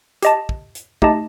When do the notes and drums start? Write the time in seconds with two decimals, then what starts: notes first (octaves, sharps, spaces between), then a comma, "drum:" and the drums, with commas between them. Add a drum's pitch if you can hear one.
0.23 G4 D#5 A5, drum: hi-hat
0.49 drum: kick
0.75 drum: hi-hat
1.02 A3 D#4 G4 D#5 A5, drum: kick